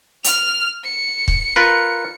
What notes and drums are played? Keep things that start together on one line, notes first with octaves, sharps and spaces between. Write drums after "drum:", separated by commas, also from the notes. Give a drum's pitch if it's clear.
F6 F7, drum: hi-hat
C#7
drum: kick
F4 A#4 B4